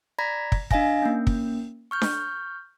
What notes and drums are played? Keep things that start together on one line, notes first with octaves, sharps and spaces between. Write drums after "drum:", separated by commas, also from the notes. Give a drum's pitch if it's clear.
D5 A#5 B5 G#6 A#6 B6
drum: kick
D4 D#5 F5 G#5 A#6, drum: kick
A#3 C#4
drum: kick
C#6 F6 G6
drum: snare D4